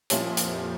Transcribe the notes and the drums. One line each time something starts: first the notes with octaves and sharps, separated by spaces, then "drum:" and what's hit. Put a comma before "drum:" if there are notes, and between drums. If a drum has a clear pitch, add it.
F2 A#2 F3 G3 C#4 E4, drum: hi-hat
drum: hi-hat